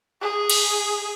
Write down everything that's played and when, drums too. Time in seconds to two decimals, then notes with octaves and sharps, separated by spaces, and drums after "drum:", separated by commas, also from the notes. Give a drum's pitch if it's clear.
0.22 G#4
0.50 drum: cymbal